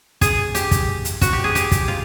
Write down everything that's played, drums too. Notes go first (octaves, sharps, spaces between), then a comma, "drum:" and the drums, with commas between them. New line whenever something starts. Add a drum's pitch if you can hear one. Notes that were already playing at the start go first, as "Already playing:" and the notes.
G#4, drum: kick, hi-hat
G4, drum: hi-hat
drum: kick, hi-hat
drum: hi-hat
F#4, drum: kick, hi-hat
G4
G#4
G4, drum: hi-hat
drum: kick, hi-hat
F4